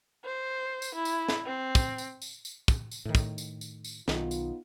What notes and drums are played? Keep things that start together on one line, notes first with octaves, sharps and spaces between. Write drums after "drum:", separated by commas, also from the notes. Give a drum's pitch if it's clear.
C5
drum: tambourine
E4
drum: tambourine
drum: snare
C4
drum: kick, tambourine
drum: tambourine
drum: tambourine
drum: tambourine
drum: kick, tambourine
drum: tambourine
A2 D#3
drum: kick, tambourine
drum: tambourine
drum: tambourine
drum: tambourine
B1 D#3 B3 D#4 F4, drum: snare
drum: tambourine